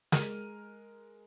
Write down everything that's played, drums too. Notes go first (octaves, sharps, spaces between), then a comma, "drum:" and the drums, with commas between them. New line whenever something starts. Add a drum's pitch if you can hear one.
G#3 A#4 F6 D#7, drum: snare